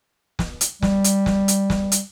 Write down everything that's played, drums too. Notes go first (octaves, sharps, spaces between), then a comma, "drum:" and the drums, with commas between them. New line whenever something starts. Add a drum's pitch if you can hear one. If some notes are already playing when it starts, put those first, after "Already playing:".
drum: snare
drum: hi-hat
G3, drum: snare
drum: hi-hat
drum: snare
drum: hi-hat
drum: snare
drum: hi-hat